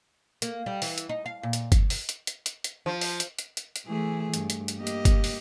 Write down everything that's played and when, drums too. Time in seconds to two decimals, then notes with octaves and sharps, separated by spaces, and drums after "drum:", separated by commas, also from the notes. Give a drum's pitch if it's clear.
0.42 A#3, drum: hi-hat
0.66 G3
0.82 E3, drum: open hi-hat
0.98 drum: hi-hat
1.09 D#4
1.26 F5
1.43 A#2
1.53 drum: hi-hat
1.72 drum: kick G1, hi-hat
1.90 drum: open hi-hat
2.09 drum: hi-hat
2.27 drum: hi-hat
2.46 drum: hi-hat
2.64 drum: hi-hat
2.86 F3
3.01 drum: open hi-hat
3.20 drum: hi-hat
3.39 drum: hi-hat
3.57 drum: hi-hat
3.76 drum: hi-hat
3.86 E3 A3 G#4
4.34 G2, drum: hi-hat
4.50 drum: hi-hat
4.68 drum: hi-hat
4.77 A#3 G4 D#5
4.87 drum: hi-hat
5.05 drum: kick G1, hi-hat
5.24 drum: open hi-hat